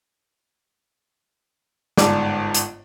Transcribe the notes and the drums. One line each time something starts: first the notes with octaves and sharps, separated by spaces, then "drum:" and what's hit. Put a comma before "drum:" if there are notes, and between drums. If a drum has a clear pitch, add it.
G1 G#2 D5 A5, drum: snare
drum: hi-hat